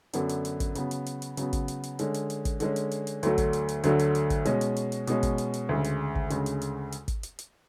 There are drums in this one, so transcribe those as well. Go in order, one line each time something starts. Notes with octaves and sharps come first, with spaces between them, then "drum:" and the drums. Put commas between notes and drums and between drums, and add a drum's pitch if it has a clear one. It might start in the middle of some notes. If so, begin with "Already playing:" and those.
F#2 D3 F#3 B3 D4, drum: hi-hat
drum: hi-hat
drum: hi-hat
drum: kick, hi-hat
C#3 F#3 B3, drum: hi-hat
drum: hi-hat
drum: hi-hat
drum: hi-hat
C#3 F#3 B3, drum: hi-hat
drum: kick, hi-hat
drum: hi-hat
drum: hi-hat
D3 G#3 C#4, drum: hi-hat
drum: hi-hat
drum: hi-hat
drum: kick, hi-hat
D3 G#3 C#4, drum: hi-hat
drum: hi-hat
drum: hi-hat
drum: hi-hat
D2 D3 F#3 A3, drum: hi-hat
drum: kick, hi-hat
drum: hi-hat
drum: hi-hat
D2 D3 F#3 A3, drum: hi-hat
drum: hi-hat
drum: hi-hat
drum: kick, hi-hat
B2 G#3 C#4, drum: hi-hat
drum: hi-hat
drum: hi-hat
drum: hi-hat
B2 G#3 C#4, drum: hi-hat
drum: kick, hi-hat
drum: hi-hat
drum: hi-hat
D2 C#3 G#3
drum: hi-hat
drum: kick
D2 C#3 G#3, drum: hi-hat
drum: hi-hat
drum: hi-hat
drum: hi-hat
drum: kick, hi-hat
drum: hi-hat
drum: hi-hat